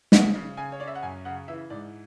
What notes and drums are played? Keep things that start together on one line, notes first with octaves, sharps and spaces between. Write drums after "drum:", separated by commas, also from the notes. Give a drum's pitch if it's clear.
C#3 F#5, drum: snare
C#3
C#3 G#5
C#5
C#4 D5
E5
F#5
F#2 G#5
C#3 F#5
E3 E5
G#2 D5